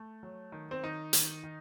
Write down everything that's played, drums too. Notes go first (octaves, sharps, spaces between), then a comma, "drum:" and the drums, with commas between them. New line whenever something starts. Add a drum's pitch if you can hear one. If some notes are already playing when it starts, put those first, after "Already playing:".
Already playing: A3
F#3
D#3
C4
D#3 D#4
D#3, drum: hi-hat
D#3